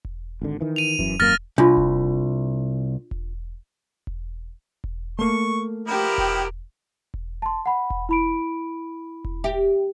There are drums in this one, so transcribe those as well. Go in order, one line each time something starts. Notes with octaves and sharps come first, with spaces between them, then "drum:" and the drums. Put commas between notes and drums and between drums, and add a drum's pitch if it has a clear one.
drum: kick E1
G#1 D3
D#3 E3
D#7 F7
F#2 E3, drum: kick E1
G#1 F#2 A#3 F6 A6 A#6
C2 D4 F4
drum: kick E1
drum: kick E1
drum: kick E1
drum: kick E1
A3 A#3 C#6
F3 B3 E4 G4 A#4
drum: kick E1
drum: kick E1
A5 C6
F#5 B5
drum: kick E1
E4 B5 D7
drum: kick E1
G4 E5